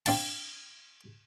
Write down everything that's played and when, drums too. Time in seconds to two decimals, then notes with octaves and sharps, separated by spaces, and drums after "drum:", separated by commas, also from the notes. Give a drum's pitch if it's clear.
0.06 C4 D4 F5 A5, drum: cymbal